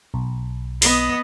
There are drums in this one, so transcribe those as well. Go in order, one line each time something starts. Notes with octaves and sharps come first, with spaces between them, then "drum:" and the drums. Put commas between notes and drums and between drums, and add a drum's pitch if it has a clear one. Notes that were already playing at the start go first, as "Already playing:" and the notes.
B1
B3 D#5, drum: open hi-hat